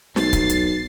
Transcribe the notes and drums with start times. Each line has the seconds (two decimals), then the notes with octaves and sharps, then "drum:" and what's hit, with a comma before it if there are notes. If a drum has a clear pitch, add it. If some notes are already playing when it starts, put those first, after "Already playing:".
0.16 B1 A6 C7, drum: snare
0.33 drum: kick, hi-hat
0.50 drum: hi-hat